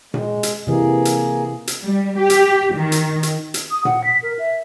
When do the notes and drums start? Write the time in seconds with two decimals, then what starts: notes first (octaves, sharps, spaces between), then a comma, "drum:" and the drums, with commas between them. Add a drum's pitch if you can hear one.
0.14 G#3, drum: tom A#2
0.43 drum: hi-hat
0.67 C3 E3 A#3 G#4
1.05 drum: hi-hat
1.67 drum: hi-hat
1.84 G3
2.19 G4
2.30 drum: hi-hat
2.76 D#3
2.92 drum: hi-hat
3.23 drum: hi-hat
3.54 drum: hi-hat
3.71 D#6
3.85 F#5, drum: tom A#2
4.04 B6
4.23 A#4
4.39 E5